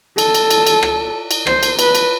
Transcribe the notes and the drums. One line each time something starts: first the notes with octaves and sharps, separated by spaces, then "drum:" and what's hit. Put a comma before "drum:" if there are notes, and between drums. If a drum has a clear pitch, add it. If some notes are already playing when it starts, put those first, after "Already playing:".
A4, drum: cymbal
drum: cymbal
drum: cymbal
drum: cymbal
drum: rim click
drum: cymbal
C5, drum: rim click
drum: cymbal
B4, drum: cymbal
drum: cymbal